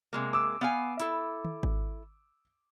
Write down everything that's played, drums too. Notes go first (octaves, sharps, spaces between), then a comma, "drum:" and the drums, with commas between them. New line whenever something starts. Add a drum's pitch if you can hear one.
C3 G#3 A#3
D6 E6
B3 F5 G#5
E4 A4, drum: hi-hat
drum: tom
drum: kick G#1